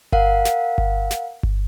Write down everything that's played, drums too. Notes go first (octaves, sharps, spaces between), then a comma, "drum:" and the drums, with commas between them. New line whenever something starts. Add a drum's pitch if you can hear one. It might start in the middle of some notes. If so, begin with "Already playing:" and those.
A#4 F5 F#5, drum: kick G1
drum: snare
drum: kick G1
drum: snare
drum: kick G1